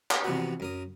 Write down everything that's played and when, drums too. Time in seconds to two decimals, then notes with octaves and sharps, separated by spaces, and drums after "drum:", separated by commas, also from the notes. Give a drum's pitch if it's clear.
0.11 drum: clap
0.24 C3 E3 F3 B3 F#4
0.60 F#2 A#4 D#6